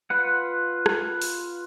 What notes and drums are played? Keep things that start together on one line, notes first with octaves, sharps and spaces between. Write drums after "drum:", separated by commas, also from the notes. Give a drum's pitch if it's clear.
F4 B4 F#5
drum: rim click
drum: open hi-hat